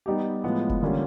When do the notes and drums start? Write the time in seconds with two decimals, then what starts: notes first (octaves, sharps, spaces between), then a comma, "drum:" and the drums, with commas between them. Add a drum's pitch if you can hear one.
0.06 G3 B3 D#4 G4
0.44 A2 F3 G#3 B3
0.69 drum: kick F1
0.82 D3 G3 A#3 C#4 F4